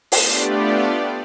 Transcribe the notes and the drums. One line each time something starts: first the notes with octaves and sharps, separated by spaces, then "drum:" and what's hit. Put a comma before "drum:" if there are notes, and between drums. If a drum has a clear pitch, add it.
A3 B3 D4 F4 G4 D5, drum: open hi-hat